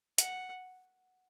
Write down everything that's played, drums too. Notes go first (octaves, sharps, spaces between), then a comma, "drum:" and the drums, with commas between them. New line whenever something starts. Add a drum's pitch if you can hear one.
F#5, drum: hi-hat